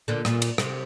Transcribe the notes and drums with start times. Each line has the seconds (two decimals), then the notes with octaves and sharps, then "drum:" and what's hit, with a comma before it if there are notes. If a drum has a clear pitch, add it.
0.08 A#2 D3
0.25 A#2, drum: rim click
0.42 drum: cymbal
0.58 C3, drum: rim click